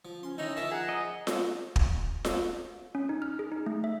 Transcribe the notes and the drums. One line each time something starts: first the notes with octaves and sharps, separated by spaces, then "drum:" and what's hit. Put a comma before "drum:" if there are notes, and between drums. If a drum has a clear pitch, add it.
F3
C#4 C6
D#3 C#4 D#4 E4 D#5
F3 A#4 E5 A5
G#4 F#5 A#5
D#5
drum: snare F4
drum: kick
drum: snare F4
C#4
D#4
F6
G#4
D#4
A3
E5